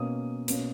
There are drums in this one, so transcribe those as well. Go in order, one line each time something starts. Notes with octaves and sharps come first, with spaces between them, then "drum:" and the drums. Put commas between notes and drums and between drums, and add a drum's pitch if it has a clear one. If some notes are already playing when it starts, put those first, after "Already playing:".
Already playing: B2 A#3 C#4 D#6
B2 A#3 C#4, drum: hi-hat